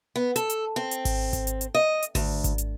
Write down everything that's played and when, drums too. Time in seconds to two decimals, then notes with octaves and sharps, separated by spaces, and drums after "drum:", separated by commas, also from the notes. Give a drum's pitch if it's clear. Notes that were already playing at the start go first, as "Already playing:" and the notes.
0.16 B3
0.36 A4, drum: hi-hat
0.50 drum: hi-hat
0.76 C4
0.91 drum: hi-hat
1.05 drum: kick G#1, open hi-hat
1.33 drum: kick G#1, hi-hat
1.47 drum: hi-hat
1.61 drum: hi-hat
1.75 D#5
2.03 drum: hi-hat
2.15 D2, drum: kick G#1, open hi-hat
2.44 drum: kick G#1, hi-hat
2.58 drum: hi-hat